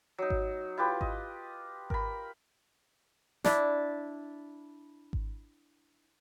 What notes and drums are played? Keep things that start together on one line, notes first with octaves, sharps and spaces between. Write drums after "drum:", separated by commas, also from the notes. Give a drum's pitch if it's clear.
F#3 D#4
drum: kick G#1
E4 F4 G4 B4
D#5, drum: kick G#1
A#4 B5, drum: kick G#1
D4 E4, drum: snare
drum: kick G#1